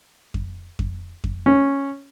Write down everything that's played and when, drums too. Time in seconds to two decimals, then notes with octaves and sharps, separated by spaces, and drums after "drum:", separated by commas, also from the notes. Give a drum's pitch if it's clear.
0.34 drum: kick F2
0.79 drum: kick F2
1.24 drum: kick F2
1.46 C#4